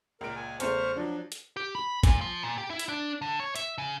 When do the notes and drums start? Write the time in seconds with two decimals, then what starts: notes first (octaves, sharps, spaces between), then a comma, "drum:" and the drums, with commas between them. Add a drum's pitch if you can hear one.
0.21 C#2 A#2 A#4 D7
0.36 G#5
0.60 E2 C#3 A3 C5 C#6 F6, drum: hi-hat
0.97 F3 F#3 D4
1.32 drum: hi-hat
1.56 G4
1.75 B5
2.03 A#2, drum: kick, hi-hat
2.21 F3
2.43 A#2
2.58 G4
2.70 E4
2.79 drum: hi-hat
2.89 D4
3.22 D3
3.40 C#5
3.56 E5, drum: hi-hat
3.78 C#3